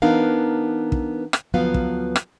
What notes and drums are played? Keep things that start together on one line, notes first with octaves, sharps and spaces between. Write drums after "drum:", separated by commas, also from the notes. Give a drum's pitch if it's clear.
E3 B3 D4 D#4 A#4 F5
drum: kick
drum: rim click
D2 F3 F#3 B3 B4 F5
drum: kick
drum: rim click